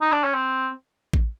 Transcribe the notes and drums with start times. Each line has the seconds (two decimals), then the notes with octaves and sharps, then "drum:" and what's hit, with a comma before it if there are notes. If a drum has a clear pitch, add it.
0.01 D#4
0.12 D4
0.24 C#4
0.34 C4
1.13 drum: kick A1